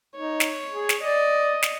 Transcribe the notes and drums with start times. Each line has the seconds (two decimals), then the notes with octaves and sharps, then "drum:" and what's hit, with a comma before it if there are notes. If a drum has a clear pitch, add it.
0.16 D#4 C#5
0.40 drum: snare
0.70 G#4
0.89 drum: snare
1.02 D5 D#5
1.62 drum: snare